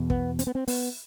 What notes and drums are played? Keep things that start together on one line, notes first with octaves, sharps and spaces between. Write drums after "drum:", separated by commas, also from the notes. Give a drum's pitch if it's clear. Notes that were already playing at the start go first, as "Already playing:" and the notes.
Already playing: E2 B2
B3, drum: kick
C4, drum: hi-hat
B3
C4
B3, drum: open hi-hat